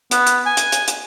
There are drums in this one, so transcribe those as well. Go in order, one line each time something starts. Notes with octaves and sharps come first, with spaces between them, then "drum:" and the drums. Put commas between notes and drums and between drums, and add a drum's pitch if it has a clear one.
B3, drum: hi-hat
drum: hi-hat
G#5
drum: hi-hat
drum: hi-hat
drum: hi-hat